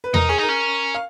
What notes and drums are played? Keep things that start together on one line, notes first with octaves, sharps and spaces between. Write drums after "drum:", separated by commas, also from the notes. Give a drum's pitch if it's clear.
B4
D#4 A#4, drum: tom E2
C#4 G#4
D#4 A#4
C#4
F5